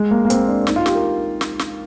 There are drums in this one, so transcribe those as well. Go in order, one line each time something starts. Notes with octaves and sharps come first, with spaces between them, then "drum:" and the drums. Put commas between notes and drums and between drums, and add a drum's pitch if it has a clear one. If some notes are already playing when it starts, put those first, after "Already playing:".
Already playing: G#3
A#3
A#3
C4, drum: hi-hat
D4
D#4, drum: snare
F4
G4, drum: snare
A#4
drum: snare
drum: snare